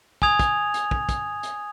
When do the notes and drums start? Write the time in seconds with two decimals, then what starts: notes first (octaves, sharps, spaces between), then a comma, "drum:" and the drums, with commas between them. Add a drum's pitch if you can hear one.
0.22 G#5 D#6 G#6 F7, drum: kick
0.39 drum: kick, hi-hat
0.74 drum: hi-hat
0.91 drum: kick
1.09 drum: kick, hi-hat
1.43 drum: hi-hat